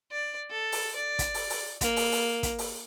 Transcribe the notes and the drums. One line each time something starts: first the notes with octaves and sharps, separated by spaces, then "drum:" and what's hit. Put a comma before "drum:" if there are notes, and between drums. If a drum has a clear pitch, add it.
D5
A4
drum: open hi-hat
D5
drum: kick, hi-hat
drum: open hi-hat
drum: open hi-hat
A#3, drum: kick, hi-hat
drum: open hi-hat
drum: open hi-hat
drum: kick, hi-hat
drum: open hi-hat